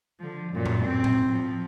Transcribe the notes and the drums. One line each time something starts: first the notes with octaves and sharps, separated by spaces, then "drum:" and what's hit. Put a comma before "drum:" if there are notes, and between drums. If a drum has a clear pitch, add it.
D3 F3
F#2 A#2
drum: tom A2
C4
drum: tom A2
F3